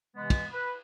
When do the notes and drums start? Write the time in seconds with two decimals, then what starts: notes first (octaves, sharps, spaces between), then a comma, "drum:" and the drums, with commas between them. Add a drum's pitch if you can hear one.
0.16 C3 E3 G#3 B3
0.30 drum: kick, cymbal
0.52 B4